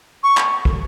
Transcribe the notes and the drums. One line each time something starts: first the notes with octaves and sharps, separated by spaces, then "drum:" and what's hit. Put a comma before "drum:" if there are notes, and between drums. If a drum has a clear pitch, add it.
C#6
drum: clap
drum: kick